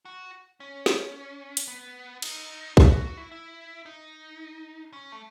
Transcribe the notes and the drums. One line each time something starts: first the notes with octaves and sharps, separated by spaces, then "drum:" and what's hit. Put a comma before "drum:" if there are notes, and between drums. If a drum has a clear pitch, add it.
F#4
C#4
drum: snare
drum: hi-hat
B3
D#4, drum: cymbal
E4, drum: kick
F#4
F#4
E4
E4
D#4
C#4
A3